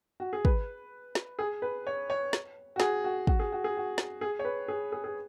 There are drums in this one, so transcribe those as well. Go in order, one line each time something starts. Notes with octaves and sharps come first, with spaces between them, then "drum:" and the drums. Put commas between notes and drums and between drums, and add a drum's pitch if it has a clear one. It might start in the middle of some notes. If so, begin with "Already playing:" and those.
F#4
G#4
B4, drum: kick
drum: snare
G#4
B4
C#5
C#5
drum: snare
F#4
G#4, drum: snare
F#4
F#4, drum: kick
G#4
F#4
G#4
F#4
drum: snare
G#4
C#5
B4
G#4
G#4
G#4